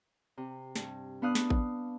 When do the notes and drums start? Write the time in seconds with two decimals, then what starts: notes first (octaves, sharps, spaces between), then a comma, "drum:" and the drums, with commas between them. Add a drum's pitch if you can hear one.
0.37 C3
0.76 G2, drum: snare
1.22 B3 D4 F5 D#6 F#6
1.35 drum: snare
1.50 drum: kick A1